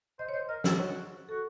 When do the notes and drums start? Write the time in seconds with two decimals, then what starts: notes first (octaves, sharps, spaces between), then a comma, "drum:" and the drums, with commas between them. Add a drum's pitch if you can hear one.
0.19 C5 D#5
0.29 C#5
0.34 C5 D#5
0.49 A#4 D#5
0.64 A4 C5, drum: snare
0.78 F#4 C#5
1.29 F#4 A4